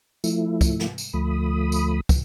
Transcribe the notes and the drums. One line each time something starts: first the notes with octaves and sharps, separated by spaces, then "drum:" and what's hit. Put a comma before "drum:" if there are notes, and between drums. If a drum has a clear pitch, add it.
F3 A3 E4, drum: tambourine
drum: kick, tambourine
drum: snare
drum: tambourine
D2 F3 A3 B5 D#6
drum: tambourine
drum: kick, tambourine